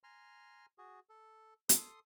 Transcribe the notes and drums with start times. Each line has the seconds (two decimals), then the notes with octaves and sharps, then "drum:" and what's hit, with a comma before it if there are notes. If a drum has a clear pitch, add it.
0.04 G#5 A#5 C6 F6
0.78 F#4 G#4
1.09 A4
1.69 A4 C6 D#6, drum: hi-hat